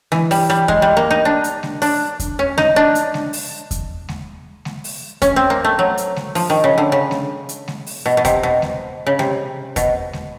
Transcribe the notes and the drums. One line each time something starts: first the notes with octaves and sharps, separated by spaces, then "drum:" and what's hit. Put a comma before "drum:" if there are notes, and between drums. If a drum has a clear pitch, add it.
E3, drum: snare G#3
G3, drum: open hi-hat
G3
G#3, drum: kick E2
G3
A#3
D#4
D4
drum: hi-hat
drum: snare G#3
D4, drum: open hi-hat
drum: kick E2, hi-hat
C#4
D#4, drum: snare G#3
D4
drum: hi-hat
drum: snare G#3
drum: open hi-hat
drum: kick E2, hi-hat
drum: snare G#3
drum: snare G#3
drum: open hi-hat
C#4, drum: kick E2, hi-hat
C4
A#3
A3
F#3
drum: hi-hat
drum: snare G#3
F3, drum: open hi-hat
D#3
C#3
D3
C#3
drum: snare G#3
drum: hi-hat
drum: snare G#3
drum: open hi-hat
B2
B2
C3, drum: kick E2, hi-hat
B2
drum: snare G#3
C#3
C3, drum: snare G#3
B2, drum: kick E2, hi-hat
drum: snare G#3